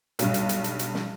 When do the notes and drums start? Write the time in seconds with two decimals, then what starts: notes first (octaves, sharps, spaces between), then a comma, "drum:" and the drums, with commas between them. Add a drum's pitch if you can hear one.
0.19 B1 G2, drum: hi-hat
0.34 drum: hi-hat
0.49 drum: hi-hat
0.64 drum: hi-hat
0.79 drum: hi-hat
0.94 drum: snare